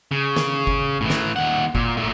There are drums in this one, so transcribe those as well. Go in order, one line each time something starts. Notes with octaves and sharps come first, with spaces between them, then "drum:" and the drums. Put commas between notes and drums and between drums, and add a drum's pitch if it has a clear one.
C#3
drum: snare
drum: kick G1
A2 E3
drum: snare
D#2 F#5
A#2, drum: kick G1
A#2 A3